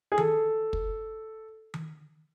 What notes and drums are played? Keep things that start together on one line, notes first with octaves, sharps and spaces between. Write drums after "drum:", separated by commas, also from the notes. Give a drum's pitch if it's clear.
G#4
A4, drum: tom D#3
drum: kick
drum: tom D#3